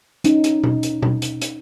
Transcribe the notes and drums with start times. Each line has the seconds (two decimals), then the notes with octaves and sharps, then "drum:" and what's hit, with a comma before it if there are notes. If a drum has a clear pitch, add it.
0.24 C#4 D#4, drum: hi-hat
0.44 drum: hi-hat
0.63 drum: tom B2
0.83 drum: hi-hat
1.02 drum: tom B2
1.22 drum: hi-hat
1.42 drum: hi-hat